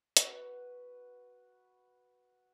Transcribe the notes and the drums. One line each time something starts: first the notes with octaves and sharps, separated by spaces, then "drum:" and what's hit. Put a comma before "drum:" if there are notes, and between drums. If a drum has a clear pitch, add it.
F#4 B4, drum: hi-hat